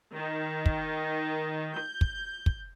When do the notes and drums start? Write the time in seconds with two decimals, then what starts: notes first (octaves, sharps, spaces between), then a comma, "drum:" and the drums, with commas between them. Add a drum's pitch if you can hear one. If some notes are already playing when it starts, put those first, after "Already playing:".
0.14 D#3
0.66 drum: kick
1.78 G6
2.01 drum: kick
2.46 drum: kick